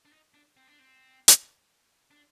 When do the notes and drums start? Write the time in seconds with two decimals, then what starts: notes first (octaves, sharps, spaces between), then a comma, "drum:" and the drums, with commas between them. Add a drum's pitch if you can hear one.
0.05 D4
0.12 D#4
0.34 D4
0.57 C4
0.67 D4
0.79 C4
1.28 drum: hi-hat
2.11 D4